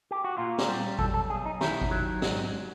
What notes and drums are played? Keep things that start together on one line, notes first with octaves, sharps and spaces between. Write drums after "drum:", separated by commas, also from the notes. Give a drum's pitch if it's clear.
G4
F#4
A#2 F4
drum: snare
G3
B1 A4, drum: kick G#1
A4
B1 G#4
D#4
D#3 E4, drum: snare
drum: kick G#1
F#3
G#2, drum: snare